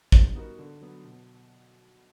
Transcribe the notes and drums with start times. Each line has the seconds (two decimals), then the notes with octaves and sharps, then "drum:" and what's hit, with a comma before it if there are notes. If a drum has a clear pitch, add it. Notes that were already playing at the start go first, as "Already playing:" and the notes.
0.12 G3, drum: kick
0.35 B3 D#4 F#4 A#4
0.59 D3
0.81 F#3 B3
1.04 B2